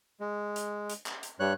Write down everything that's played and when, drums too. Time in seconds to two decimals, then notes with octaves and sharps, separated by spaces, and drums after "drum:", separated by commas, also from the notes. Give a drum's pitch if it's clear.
0.20 G#3
0.56 drum: hi-hat
0.89 drum: hi-hat
1.06 drum: clap
1.23 drum: hi-hat
1.40 G2 G3 C#5 F#6